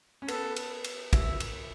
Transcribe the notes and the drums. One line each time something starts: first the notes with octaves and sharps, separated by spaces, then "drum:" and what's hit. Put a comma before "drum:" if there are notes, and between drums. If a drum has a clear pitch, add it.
C#4
B3 A4, drum: cymbal
drum: cymbal
drum: cymbal
E5, drum: kick, cymbal
drum: cymbal